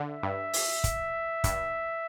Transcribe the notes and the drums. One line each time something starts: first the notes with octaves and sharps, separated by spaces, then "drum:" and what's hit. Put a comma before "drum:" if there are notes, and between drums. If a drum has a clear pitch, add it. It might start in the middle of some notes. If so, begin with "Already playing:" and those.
Already playing: D3
E5
G2
drum: open hi-hat
drum: kick, hi-hat
G2, drum: kick, hi-hat